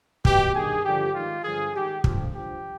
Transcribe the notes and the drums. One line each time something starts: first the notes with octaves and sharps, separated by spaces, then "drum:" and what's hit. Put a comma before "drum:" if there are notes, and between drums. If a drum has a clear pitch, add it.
B2 G4, drum: kick
G2 D#3 G#4
G2 D3 F3 G4
G#2 D#3 F4
G2 D3 F3 G#4
G#2 D#3 G4
G2 D3 F3, drum: kick
G2 F3 G4